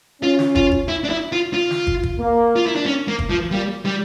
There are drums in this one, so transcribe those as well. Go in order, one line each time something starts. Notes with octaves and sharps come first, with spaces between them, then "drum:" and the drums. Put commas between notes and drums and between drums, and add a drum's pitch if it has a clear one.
C#4 F4
drum: snare
F4, drum: kick
drum: kick
E4
D4
E4
F4
F4
drum: snare
drum: kick
drum: kick
A#3
F4
E4
D4
C#4
A#3
drum: kick
F3
G3 A#3
G3